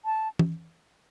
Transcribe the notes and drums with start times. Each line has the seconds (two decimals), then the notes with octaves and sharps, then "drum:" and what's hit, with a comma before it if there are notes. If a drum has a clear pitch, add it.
0.05 A5
0.39 drum: tom